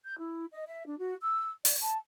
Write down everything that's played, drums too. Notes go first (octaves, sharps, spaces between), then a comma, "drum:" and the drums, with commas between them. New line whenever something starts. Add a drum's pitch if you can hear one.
G6
E4
D#5
E5
D4
F#4
E6
D5, drum: open hi-hat
A5